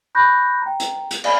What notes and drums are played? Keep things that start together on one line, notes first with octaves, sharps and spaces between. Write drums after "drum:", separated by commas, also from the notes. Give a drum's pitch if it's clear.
B5 C#6 F#6 G6 A#6
G5 A#5
drum: hi-hat
drum: hi-hat
D5 D#5 F5 G#5 B5, drum: cymbal